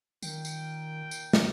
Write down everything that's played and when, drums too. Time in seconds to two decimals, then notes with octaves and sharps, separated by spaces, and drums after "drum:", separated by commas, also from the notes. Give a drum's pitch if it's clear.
0.23 A#2 D#3 A#4 G5, drum: tambourine
0.45 drum: tambourine
1.11 drum: tambourine
1.33 drum: snare